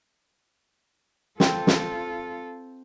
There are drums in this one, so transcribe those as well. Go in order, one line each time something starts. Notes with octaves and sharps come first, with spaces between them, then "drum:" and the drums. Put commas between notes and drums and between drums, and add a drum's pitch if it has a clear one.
C4 F4 A4, drum: snare
drum: snare